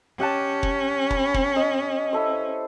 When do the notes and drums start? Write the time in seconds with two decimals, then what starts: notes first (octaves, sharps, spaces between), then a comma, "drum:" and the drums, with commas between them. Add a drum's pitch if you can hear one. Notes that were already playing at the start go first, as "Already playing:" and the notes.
0.20 C#4 G4 F#5 A5
0.63 drum: kick
1.10 B5, drum: kick
1.34 drum: kick
1.56 D#5 B5
2.13 E4 A4 C5